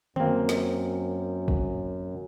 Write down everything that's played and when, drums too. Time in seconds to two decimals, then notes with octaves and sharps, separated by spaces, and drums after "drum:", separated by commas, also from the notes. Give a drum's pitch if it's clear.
0.16 F#2 A#3 C4, drum: tom D3
0.49 drum: snare
1.48 drum: kick